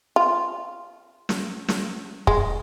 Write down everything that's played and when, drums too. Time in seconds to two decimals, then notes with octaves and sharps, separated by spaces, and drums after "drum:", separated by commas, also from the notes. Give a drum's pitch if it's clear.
0.16 F4
1.29 drum: snare
1.68 drum: snare
2.27 G#3, drum: kick